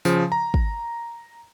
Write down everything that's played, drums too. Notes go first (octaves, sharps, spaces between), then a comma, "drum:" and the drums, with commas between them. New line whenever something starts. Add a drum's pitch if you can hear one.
C#3 F3, drum: tambourine
A#5
drum: kick